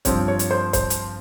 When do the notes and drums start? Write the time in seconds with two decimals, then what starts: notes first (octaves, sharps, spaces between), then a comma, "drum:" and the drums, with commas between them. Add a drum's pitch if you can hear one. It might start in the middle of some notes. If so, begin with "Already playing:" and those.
0.05 G2 F3 C4 C#5, drum: kick, hi-hat
0.28 C#5
0.39 drum: hi-hat
0.51 C5
0.73 C5, drum: kick, hi-hat
0.90 drum: hi-hat